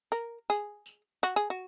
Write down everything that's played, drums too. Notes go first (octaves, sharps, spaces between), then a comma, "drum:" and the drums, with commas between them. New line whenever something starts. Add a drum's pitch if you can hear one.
A#4, drum: tambourine
G#4, drum: tambourine
drum: tambourine
F#4, drum: tambourine
G#4
F#4